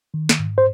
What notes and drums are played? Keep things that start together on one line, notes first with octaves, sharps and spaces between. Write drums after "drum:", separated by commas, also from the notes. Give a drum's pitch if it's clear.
D#3
drum: snare
G#2
C5